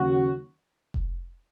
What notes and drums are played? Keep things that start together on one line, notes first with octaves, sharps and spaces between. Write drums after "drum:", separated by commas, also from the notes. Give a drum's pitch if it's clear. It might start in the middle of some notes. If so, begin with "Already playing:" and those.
Already playing: D#2 C#3 F#3 C#4 F#4
drum: kick F1